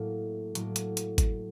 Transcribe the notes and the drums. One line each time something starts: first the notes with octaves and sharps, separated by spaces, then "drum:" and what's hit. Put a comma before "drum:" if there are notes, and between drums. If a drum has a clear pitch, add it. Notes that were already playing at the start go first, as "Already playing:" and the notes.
Already playing: A2 F#3 A#3
A2 F#3 A#3, drum: hi-hat
drum: hi-hat
drum: hi-hat
drum: kick G#1, hi-hat